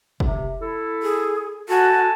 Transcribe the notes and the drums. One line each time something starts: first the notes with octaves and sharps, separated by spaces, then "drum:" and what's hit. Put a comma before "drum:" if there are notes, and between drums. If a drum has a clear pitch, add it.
C3, drum: kick
E4 A4
G#4
F#4 A4 G#5 A5